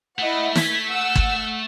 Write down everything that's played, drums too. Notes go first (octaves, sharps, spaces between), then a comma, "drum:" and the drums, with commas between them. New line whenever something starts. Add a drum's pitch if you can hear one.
A3 E4 D#5 F#5
G#6 B6, drum: snare
F#5 E6
drum: kick